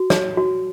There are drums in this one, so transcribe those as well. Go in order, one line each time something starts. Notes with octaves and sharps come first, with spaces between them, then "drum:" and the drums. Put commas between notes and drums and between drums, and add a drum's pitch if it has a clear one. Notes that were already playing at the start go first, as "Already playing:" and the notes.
Already playing: F#4
C#5, drum: snare
F#4